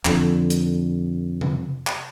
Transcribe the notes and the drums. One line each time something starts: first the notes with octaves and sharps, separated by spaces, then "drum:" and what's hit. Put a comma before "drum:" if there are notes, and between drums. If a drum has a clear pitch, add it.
F2 D3, drum: clap
drum: hi-hat
drum: tom C3
drum: clap